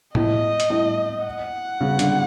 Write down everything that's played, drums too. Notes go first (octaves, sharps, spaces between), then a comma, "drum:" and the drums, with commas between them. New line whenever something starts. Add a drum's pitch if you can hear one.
A2 D#5, drum: tom A2
drum: hi-hat
A2
F#5
C#3
D3, drum: hi-hat